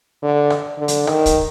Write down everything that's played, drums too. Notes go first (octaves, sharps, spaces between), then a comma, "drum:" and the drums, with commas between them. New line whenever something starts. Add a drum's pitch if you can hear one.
D3
drum: rim click
D3
drum: hi-hat
D#3, drum: rim click
drum: kick, hi-hat